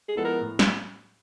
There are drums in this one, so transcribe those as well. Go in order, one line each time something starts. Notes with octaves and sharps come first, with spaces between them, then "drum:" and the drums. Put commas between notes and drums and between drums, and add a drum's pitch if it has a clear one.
G#4
F3 G#3 B3 E4 A4
A#4
A2
drum: snare